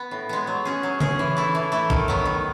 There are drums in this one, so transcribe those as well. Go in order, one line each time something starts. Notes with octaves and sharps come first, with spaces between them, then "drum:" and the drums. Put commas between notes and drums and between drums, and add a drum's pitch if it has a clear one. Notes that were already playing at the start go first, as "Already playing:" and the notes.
Already playing: B3
A2
G#3 B3
F#3
C#4 G#4
F#3
C#4 G#4, drum: tom C#3
E3
A3 E4
E3
A3 E4
D#3, drum: kick
F#3 B3
D#3